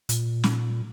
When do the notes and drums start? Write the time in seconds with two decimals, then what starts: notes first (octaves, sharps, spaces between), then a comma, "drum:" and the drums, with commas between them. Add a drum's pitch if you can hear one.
0.09 A#2, drum: hi-hat
0.44 drum: snare